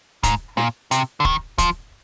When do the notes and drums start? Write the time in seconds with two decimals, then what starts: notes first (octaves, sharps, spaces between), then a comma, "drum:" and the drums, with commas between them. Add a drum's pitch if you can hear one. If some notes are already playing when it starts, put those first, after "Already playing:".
0.23 G#2, drum: kick, hi-hat
0.57 A#2, drum: snare
0.91 C3, drum: hi-hat
1.20 D3
1.25 D#3, drum: kick
1.58 F3, drum: kick, hi-hat